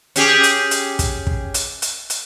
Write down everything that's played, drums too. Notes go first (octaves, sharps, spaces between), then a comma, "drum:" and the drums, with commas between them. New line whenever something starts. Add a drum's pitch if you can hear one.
C#4 G4 G#4, drum: hi-hat
drum: hi-hat
drum: hi-hat
drum: kick, hi-hat
drum: kick
drum: hi-hat
drum: hi-hat
drum: hi-hat